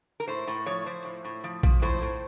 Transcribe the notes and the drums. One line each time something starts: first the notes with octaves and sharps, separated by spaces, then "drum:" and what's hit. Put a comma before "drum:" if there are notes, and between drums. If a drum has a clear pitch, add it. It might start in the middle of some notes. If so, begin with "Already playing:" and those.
A#4
A2 C5
A2
F3 C#5
F3 C5
A2
A2
F3
F3, drum: kick A#1
A2 C5
A2